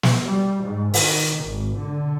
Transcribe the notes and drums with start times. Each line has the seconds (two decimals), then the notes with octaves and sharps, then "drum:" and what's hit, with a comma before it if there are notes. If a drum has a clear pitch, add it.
0.03 drum: snare
0.25 G3
0.63 G#2
0.94 D#3, drum: open hi-hat
1.44 G#1
1.78 D3